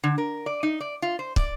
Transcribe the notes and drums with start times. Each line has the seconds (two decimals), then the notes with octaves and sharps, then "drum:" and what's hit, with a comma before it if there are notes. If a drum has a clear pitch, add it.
0.04 D3
0.18 A#4
0.46 D5
0.63 D#4
0.81 D5
1.02 F4
1.19 C5
1.36 D5, drum: kick